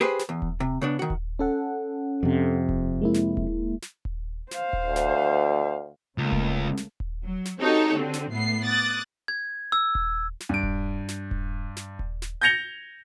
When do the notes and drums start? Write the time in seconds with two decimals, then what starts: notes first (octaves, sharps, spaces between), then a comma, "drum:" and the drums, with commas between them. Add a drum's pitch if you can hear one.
0.01 G4 G#4 B4 C5
0.19 drum: snare
0.29 E2
0.42 drum: kick D#1
0.60 C3
0.81 C#3 B3 D4
0.99 D#3 F#4
1.10 drum: kick D#1
1.39 C#4 A4 F#5
2.23 F2 C3
2.69 drum: kick D#1
3.01 G#3 A#3 E4
3.14 drum: snare
3.37 drum: kick D#1
3.82 drum: snare
4.05 drum: kick D#1
4.51 C5 F5, drum: snare
4.73 drum: kick D#1
4.85 D2
4.96 drum: snare
6.18 C#2 C#3 A3 A#3
6.32 drum: kick D#1
6.77 drum: snare
7.00 drum: kick D#1
7.24 F#3
7.45 drum: snare
7.60 C4 D#4 F#4 G4 A4 C#5
7.95 D3 C4
8.13 drum: snare
8.32 A2 B3 C7
8.64 D6 D#6 F#6 A6
9.28 G#6
9.72 E6
9.95 drum: kick D#1
10.40 drum: snare
10.49 G2 D7
10.63 drum: kick D#1
11.08 drum: snare
11.31 drum: kick D#1
11.77 drum: snare
11.99 drum: kick D#1
12.22 drum: snare
12.41 G6 G#6 A#6 C#7 F7 G7